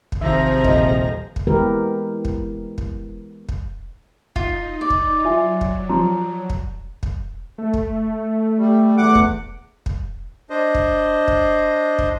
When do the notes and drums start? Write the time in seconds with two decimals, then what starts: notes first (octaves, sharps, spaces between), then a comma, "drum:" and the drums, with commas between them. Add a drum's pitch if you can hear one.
0.12 drum: kick
0.21 A1 C3 D#3 F3 G#4 E5 A#5
0.64 D#1 D#5, drum: kick
1.36 drum: kick
1.47 E3 G#3 B3 G4 A#4 B4
2.25 drum: kick
2.78 drum: kick
3.49 drum: kick
4.36 D#4 F4, drum: kick
4.81 D5
4.90 drum: kick
5.25 F#3 F4 E5 G#5
5.61 drum: kick
5.89 F3 A#5 C6
6.50 drum: kick
7.03 drum: kick
7.58 A3
7.74 drum: kick
8.58 G3
8.98 E2 F#5 D6
9.15 drum: kick
9.86 drum: kick
10.50 D4 C5 D#5
10.75 drum: kick
11.28 drum: kick
11.99 drum: kick